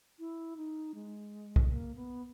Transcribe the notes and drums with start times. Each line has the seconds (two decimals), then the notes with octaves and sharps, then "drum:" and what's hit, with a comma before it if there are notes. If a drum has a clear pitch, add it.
0.19 E4
0.57 D#4
0.95 G#3
1.56 drum: kick B1
1.70 A#3
1.95 B3